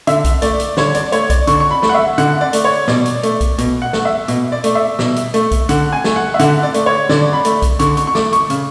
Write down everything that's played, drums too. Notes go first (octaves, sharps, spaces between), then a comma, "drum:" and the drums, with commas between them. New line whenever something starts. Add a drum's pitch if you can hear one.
D3 E5, drum: hi-hat
drum: kick B1, hi-hat
A3 D5, drum: hi-hat
drum: hi-hat
D3 C#5, drum: snare
D5, drum: hi-hat
A3 C#5, drum: hi-hat
D5, drum: kick B1, hi-hat
D3 C#6, drum: hi-hat
C#6
B5
A3, drum: snare
F#5
E5
D3 F#5, drum: hi-hat
D5
A3, drum: hi-hat
C#5
B2 D5, drum: snare
drum: hi-hat
A3, drum: hi-hat
drum: kick B1, hi-hat
B2, drum: hi-hat
F#5
A3, drum: snare
E5
B2, drum: hi-hat
D5
A3, drum: hi-hat
E5
B2, drum: snare
drum: hi-hat
A3, drum: hi-hat
drum: kick B1, hi-hat
D3 F#5, drum: hi-hat
G#5
A3, drum: snare
F#5
E5
D3 F#5, drum: hi-hat
D5
A3, drum: hi-hat
C#5
D3 D5, drum: snare
B5
A3, drum: hi-hat
drum: kick B1, hi-hat
D3 C#6, drum: hi-hat
C#6, drum: hi-hat
C#6
A3 D6, drum: snare
C#6, drum: hi-hat
C#3, drum: hi-hat